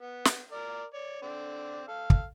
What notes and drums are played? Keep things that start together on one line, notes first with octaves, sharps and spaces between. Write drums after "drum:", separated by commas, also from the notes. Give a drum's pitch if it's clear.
B3
drum: snare
A#4 D5
C#5 D5
D3 C4 D5
A4 F5
drum: kick